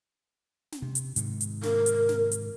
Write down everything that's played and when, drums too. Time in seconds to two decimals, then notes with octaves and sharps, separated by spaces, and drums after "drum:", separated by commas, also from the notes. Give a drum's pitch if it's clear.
0.72 drum: snare
0.82 C3
0.95 drum: hi-hat
1.16 G#2 C3 D#3, drum: hi-hat
1.41 drum: hi-hat
1.63 A#4, drum: snare
1.86 drum: hi-hat
2.09 drum: snare
2.31 drum: hi-hat